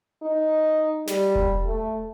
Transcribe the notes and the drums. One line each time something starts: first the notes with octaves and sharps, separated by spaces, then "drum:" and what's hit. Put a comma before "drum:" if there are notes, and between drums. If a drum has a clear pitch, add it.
D#4
G3, drum: snare
drum: kick E1
A3